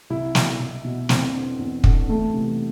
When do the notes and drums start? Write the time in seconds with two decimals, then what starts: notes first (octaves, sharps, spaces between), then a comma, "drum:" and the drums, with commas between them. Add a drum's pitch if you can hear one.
0.10 C2 E4
0.35 B2, drum: snare
0.60 C2
0.84 B2
1.09 E2 C4, drum: snare
1.35 D3
1.59 E2
1.84 D3, drum: kick
2.08 E2 A3
2.34 C3 E3